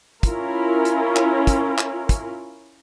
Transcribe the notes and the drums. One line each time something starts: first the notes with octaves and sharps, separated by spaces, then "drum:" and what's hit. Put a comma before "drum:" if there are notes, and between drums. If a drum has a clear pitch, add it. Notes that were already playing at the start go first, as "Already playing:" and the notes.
C#4 E4 F4 A#4, drum: kick, hi-hat
drum: hi-hat
drum: clap
drum: kick, hi-hat
drum: clap
drum: kick, hi-hat